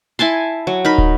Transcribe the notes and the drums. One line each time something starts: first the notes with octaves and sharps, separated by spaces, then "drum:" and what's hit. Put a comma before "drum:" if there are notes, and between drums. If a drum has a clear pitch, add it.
E4 G#5 A5 C6
F#3
D#4 A#4 B5
drum: kick